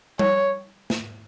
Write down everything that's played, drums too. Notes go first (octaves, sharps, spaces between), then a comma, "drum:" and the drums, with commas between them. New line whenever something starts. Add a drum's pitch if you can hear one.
C#5, drum: tom G3
drum: snare